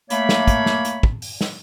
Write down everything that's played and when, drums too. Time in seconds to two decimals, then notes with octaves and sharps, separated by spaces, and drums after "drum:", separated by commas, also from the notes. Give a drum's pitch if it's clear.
0.10 A3 A#3 C#5 B5, drum: hi-hat
0.29 drum: snare
0.48 drum: kick, hi-hat
0.66 drum: snare
0.85 drum: hi-hat
1.03 drum: kick
1.22 drum: open hi-hat
1.41 drum: snare